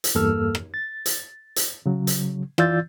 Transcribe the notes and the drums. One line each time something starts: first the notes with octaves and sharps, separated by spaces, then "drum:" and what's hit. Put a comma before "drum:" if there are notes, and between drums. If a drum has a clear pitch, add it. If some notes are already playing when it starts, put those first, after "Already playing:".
drum: hi-hat
E2 G2 A#3 A4 E6 F6
drum: rim click
A6
drum: hi-hat
drum: hi-hat
C#3 F#3
drum: hi-hat
E3 F4 D5 E6 G6 A6, drum: rim click